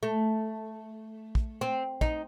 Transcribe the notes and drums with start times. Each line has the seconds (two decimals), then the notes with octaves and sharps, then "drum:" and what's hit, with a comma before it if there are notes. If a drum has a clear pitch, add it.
0.03 A3
1.35 drum: kick
1.61 C4
2.01 D#4, drum: kick